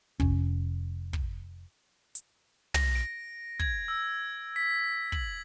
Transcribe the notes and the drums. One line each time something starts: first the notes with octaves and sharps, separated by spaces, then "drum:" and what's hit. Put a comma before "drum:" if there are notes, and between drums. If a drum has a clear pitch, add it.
F1 C#4, drum: kick
drum: kick
drum: hi-hat
A#6, drum: tom
D7
G#6, drum: kick
E6
B6
F#7, drum: kick